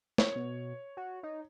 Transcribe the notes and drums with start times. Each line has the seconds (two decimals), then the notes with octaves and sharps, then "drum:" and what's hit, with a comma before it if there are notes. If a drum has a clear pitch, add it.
0.18 C#5, drum: snare
0.36 B2
0.97 F#4
1.23 D#4